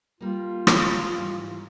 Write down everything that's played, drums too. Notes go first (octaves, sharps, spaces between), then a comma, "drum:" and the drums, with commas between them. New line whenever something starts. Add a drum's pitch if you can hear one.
G3 A#3 F4
drum: rim click
G#2 E3 G3